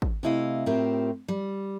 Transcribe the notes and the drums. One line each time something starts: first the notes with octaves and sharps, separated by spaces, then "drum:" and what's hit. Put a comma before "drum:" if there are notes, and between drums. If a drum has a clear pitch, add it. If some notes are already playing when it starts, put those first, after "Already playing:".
drum: kick
C3 A3 E4 D#5 F5
A2 C4 F4 G4 A#4 E5
G3